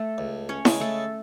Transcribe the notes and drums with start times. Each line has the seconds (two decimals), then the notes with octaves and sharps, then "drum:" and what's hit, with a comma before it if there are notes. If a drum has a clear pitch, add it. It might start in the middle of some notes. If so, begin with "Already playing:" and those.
Already playing: A3 A4
0.18 C#2
0.49 C#4 C#5
0.65 C#3 G#3, drum: snare E4
0.80 A3 A4